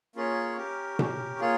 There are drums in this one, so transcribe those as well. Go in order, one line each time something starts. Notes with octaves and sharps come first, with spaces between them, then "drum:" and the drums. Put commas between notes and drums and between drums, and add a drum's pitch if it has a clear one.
A#3 C#4 F4 G#4 C#5
C#4 G4 A#4
C#4 G4 A#4, drum: tom B2
A#3 F4 G#4 C#5